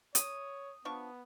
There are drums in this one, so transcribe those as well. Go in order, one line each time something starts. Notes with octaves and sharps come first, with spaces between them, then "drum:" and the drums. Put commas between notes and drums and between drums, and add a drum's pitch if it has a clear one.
C#5 D#6, drum: hi-hat
F3 B3 D4 C#6